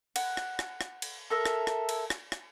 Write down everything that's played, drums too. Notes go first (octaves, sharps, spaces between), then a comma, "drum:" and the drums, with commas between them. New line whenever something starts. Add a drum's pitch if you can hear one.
F#5, drum: cymbal
drum: rim click
drum: rim click
drum: rim click
drum: cymbal
A4 A#4 E5
drum: rim click
drum: rim click
drum: cymbal
drum: rim click
drum: rim click